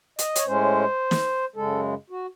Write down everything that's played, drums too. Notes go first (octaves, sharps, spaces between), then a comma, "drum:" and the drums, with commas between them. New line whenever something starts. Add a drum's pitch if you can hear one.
D#5, drum: hi-hat
C#5, drum: hi-hat
A2 G#3 C#4 C5
drum: snare
F#2 C#3 G#3 A4
F#4